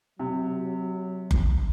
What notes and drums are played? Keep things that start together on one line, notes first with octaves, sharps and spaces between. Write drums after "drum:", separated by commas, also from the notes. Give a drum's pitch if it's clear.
C3 F#3
drum: kick F#1